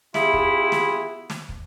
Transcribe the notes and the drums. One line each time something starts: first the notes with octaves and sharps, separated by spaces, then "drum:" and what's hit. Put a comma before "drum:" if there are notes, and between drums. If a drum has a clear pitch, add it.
B3 E4 F4 G4 G#4, drum: snare
drum: kick
drum: snare
drum: snare
drum: kick